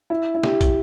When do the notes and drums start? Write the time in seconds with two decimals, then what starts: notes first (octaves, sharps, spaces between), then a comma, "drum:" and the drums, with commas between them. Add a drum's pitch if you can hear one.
0.10 E4
0.35 E4
0.44 G4, drum: snare
0.61 drum: kick, hi-hat